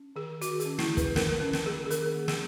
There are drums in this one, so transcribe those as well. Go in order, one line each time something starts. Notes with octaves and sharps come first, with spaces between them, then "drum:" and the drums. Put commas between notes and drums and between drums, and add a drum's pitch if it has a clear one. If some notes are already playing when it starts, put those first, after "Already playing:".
Already playing: C#4
D#3 G#4
D#3 F#4, drum: hi-hat
G#4, drum: hi-hat
C#4
E4, drum: snare
D#3
B4, drum: kick, hi-hat
A#3 A#4, drum: snare
C#4 A#4
drum: snare
D#3 G#4
G#4
D#3 A#4, drum: hi-hat
A#3
G#4, drum: snare